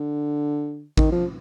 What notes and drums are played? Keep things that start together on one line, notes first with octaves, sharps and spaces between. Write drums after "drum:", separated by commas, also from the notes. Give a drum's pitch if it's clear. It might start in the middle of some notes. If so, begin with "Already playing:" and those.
Already playing: D3
D#3, drum: kick A1
F3